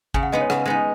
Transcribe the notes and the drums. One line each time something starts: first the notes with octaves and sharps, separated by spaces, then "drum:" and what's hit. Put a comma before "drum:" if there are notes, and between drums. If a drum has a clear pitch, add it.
C#3 G#5, drum: kick
F#5
G#3 B3 D#4 D#5
C#5
C#3 F#5, drum: rim click
G#3 B3 D#4